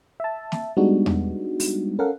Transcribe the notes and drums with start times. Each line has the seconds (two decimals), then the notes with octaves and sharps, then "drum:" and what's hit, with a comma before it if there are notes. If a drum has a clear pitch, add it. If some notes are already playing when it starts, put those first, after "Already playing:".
0.20 E5 A5
0.52 drum: snare
0.77 G3 G#3 B3 D4 D#4 F#4
1.06 drum: tom E2
1.60 drum: open hi-hat
1.99 C#4 A4 A#4 F5 F#5